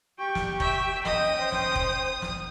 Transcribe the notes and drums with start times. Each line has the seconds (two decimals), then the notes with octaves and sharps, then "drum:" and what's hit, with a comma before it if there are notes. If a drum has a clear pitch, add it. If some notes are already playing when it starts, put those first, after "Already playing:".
0.19 G4 G5 C#6
0.35 drum: snare
0.60 E5, drum: kick F1
1.05 C#4 D#5 G5 D#6, drum: snare
1.38 C5
1.52 drum: snare
1.75 drum: kick F1
2.22 drum: snare